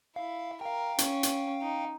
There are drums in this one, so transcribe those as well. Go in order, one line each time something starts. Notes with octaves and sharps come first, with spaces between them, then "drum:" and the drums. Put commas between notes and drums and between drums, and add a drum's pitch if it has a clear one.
E4 F5
A#4 F5 G5
C#4, drum: hi-hat
drum: hi-hat
D#4